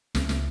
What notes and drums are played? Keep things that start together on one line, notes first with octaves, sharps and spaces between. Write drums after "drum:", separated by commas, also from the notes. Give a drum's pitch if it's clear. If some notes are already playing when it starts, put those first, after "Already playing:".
C#2, drum: snare
drum: snare